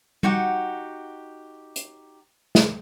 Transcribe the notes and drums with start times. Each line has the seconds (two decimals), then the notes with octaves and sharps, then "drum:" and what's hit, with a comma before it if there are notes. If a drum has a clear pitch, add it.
0.23 D#4 F#4 G4 F#5, drum: tom G3
1.76 drum: hi-hat
2.55 drum: snare